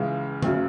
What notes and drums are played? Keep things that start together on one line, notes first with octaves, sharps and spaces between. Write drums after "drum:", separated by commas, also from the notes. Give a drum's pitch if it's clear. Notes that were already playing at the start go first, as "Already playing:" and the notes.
Already playing: C#2 C#3 E3 G#3
F#1 F#2 C#3 F#3, drum: tom C#3